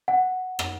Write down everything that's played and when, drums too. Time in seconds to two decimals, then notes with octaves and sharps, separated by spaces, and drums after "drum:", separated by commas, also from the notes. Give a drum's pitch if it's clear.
0.08 F#5
0.59 drum: rim click